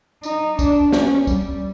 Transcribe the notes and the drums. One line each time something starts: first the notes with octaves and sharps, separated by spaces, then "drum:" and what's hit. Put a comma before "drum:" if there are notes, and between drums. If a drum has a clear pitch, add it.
D#4, drum: tambourine
D4, drum: kick, tambourine
C#4, drum: snare
G3, drum: kick, tambourine